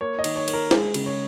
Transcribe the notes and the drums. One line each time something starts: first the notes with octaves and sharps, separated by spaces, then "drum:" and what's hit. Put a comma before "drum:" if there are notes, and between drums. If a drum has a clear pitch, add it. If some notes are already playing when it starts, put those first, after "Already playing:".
A#3 C#5
D#5
D#3, drum: cymbal
C#5
A#3, drum: cymbal
A#4
G#3 G#4, drum: snare
C#3, drum: cymbal
C#5